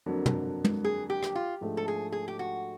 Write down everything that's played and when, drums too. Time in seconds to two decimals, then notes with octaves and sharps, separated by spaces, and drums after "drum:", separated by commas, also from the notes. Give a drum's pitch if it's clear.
0.06 F2 D3 F#3 A#3
0.26 drum: tom
0.64 drum: tom
0.84 G#4
1.10 G4
1.23 drum: rim click
1.35 F4
1.61 G#2 F3 A3 D4
1.77 A4
1.88 G#4
2.12 G#4
2.28 G4
2.39 F#4